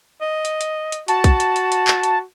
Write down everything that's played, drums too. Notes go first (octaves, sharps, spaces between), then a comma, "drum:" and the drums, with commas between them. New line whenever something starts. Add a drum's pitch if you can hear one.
D#5
drum: hi-hat
drum: hi-hat
drum: hi-hat
F#4 A5, drum: hi-hat
drum: kick, hi-hat
drum: hi-hat
drum: hi-hat
drum: hi-hat
drum: clap
drum: hi-hat